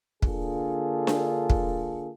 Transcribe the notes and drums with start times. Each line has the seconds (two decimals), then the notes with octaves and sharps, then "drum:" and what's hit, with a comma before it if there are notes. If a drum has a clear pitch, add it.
0.22 D3 A#3 D4 F4 G#4 A4, drum: kick
1.07 drum: snare D4
1.50 drum: kick